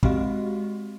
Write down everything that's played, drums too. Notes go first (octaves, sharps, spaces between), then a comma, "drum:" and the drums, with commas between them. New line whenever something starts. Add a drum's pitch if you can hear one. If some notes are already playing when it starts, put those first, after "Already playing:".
G#3 C4 F#4 G4 D#5 F5, drum: kick